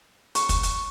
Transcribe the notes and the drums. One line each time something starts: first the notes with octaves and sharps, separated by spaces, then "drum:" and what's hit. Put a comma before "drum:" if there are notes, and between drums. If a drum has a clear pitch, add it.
C#6, drum: hi-hat
drum: kick, hi-hat
drum: hi-hat